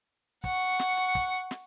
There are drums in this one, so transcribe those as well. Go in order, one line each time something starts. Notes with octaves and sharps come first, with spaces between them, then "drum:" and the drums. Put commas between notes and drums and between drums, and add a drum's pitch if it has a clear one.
F#5 C#6, drum: kick, hi-hat
drum: snare
drum: hi-hat
drum: kick, hi-hat
drum: snare